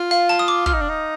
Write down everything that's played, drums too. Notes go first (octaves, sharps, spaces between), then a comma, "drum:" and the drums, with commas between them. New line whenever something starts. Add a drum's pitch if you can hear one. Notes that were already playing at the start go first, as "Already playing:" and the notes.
Already playing: F4
F5
A5
D#6
D6
F4 F6, drum: kick
D#4
D4
D#4